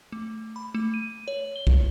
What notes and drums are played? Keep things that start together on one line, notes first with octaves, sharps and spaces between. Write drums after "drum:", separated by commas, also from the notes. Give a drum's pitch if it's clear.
A3
B5
A3
D#7
C#5
G7
drum: kick B1